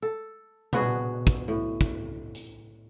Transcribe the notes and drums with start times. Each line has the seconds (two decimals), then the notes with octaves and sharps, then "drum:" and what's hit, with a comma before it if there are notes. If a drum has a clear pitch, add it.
0.02 A4
0.73 B3 D4 F#4 G#4, drum: tom A#2
1.27 drum: kick, hi-hat
1.48 A2
1.81 drum: kick, hi-hat
2.35 drum: hi-hat